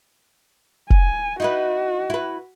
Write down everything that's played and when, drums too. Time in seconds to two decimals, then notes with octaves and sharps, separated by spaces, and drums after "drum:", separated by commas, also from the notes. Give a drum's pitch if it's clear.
0.90 G#5, drum: kick
1.40 D#4 E4 F#4 B4
2.10 E4 B4